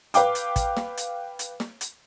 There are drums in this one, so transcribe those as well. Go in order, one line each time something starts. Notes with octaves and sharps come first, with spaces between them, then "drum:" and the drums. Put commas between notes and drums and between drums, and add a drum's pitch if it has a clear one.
B4 F5 G5 D6, drum: hi-hat
drum: hi-hat
drum: kick, hi-hat
drum: snare
drum: hi-hat
drum: hi-hat
drum: snare
drum: hi-hat